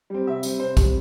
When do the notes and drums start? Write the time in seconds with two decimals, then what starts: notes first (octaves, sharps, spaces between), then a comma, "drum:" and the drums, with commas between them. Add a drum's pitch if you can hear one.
0.10 G3 C4
0.27 C3 E5
0.43 G3 C4, drum: tambourine
0.60 C3 C5
0.77 G3 C4, drum: kick, tambourine